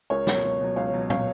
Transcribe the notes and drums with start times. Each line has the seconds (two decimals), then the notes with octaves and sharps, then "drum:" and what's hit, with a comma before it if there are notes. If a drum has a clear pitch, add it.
0.10 C#2 A#4 C#5
0.27 B2 F#3, drum: snare
0.43 C#2
0.60 B2 F#3
0.76 C#2 C#5 F5
0.94 B2 F#3
1.10 C#5 F5, drum: tom